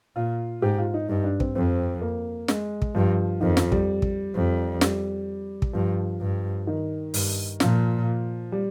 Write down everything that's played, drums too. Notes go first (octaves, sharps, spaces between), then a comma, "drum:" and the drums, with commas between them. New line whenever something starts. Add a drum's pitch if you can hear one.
A#2 F4
G#2 G4
F4
D#4
G2 D#4
D4
C4, drum: kick
F2 C4
A#3
G#3, drum: snare
drum: kick
G2 F3
F2 D#3
F3, drum: snare
G3, drum: kick
drum: kick
F2
G3, drum: snare
drum: kick
G2 F3
G2
D#3
G2, drum: open hi-hat
A#2 F3, drum: snare
G3